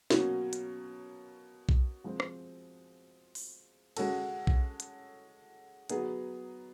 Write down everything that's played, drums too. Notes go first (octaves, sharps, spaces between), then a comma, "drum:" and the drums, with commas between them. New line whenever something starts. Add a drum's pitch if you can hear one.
B2 F#3 A#3 C#4, drum: snare
drum: hi-hat
drum: kick B1
F3 G#3 C4
drum: rim click
drum: open hi-hat
G#3 C#4 F#4 A4, drum: cymbal
drum: kick B1
drum: hi-hat
F#3 B3 D#4 G#4, drum: hi-hat